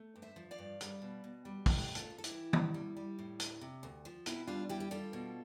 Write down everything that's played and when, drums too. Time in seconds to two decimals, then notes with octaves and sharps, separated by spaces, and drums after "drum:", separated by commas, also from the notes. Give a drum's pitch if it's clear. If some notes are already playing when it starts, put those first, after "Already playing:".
Already playing: A3
0.16 G2
0.22 C5 E5
0.36 F3
0.51 D5 F5
0.58 G2
0.81 G3, drum: hi-hat
1.02 B2
1.24 B2
1.45 G3
1.66 A3 E4 G4, drum: kick, open hi-hat
1.88 A3
1.95 F4 A4, drum: hi-hat
2.10 D2
2.18 A4
2.24 E4 G4, drum: hi-hat
2.31 E3
2.53 G3, drum: tom D#3
2.74 G3
2.97 G3
3.19 A2
3.40 D2, drum: hi-hat
3.61 C3
3.83 D2
4.05 F3
4.26 B2 C4 E4, drum: hi-hat
4.47 G3 D4 F4
4.69 G3 E4 G4
4.80 G4
4.91 G3 F4 A4
5.13 B2